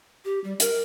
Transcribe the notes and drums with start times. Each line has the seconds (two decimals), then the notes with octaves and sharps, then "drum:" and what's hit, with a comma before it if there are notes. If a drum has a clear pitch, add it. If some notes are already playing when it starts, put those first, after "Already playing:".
0.25 G4
0.44 G3
0.60 A#4, drum: hi-hat